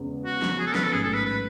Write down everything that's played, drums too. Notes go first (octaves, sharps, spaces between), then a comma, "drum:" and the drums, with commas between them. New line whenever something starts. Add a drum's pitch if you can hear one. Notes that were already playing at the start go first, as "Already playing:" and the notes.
Already playing: E2 C#3 G#3 B3
F#4
drum: snare
G#4
A4
B4, drum: snare
A4
A1 G#2 F#3 C#4 G#4
A4
B4
B4